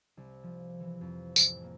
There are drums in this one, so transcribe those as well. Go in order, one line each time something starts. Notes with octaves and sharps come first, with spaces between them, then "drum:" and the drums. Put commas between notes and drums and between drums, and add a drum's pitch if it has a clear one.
C2
F3
E3
F2
A1, drum: tambourine
A#3